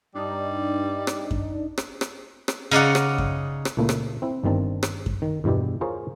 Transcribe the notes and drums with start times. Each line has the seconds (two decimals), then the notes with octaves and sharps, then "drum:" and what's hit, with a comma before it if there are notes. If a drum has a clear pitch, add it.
0.15 G2 G3 D4 D#4
1.07 drum: rim click
1.31 drum: kick F#2
1.78 drum: rim click
2.01 drum: rim click
2.48 drum: rim click
2.71 C#3 D#4 D5 F#5
2.95 drum: rim click
3.18 drum: kick F#2
3.65 drum: rim click
3.77 C#2 A#2 A3 A#3 E4
3.89 drum: rim click
4.22 C4 E4
4.44 G1 G2 D#3 C4 A5
4.83 drum: rim click
5.06 drum: kick F#2
5.22 D#3
5.44 E2 G2 B2 E4 G4
5.81 F4 G#4 A#4 C5 C#5 F5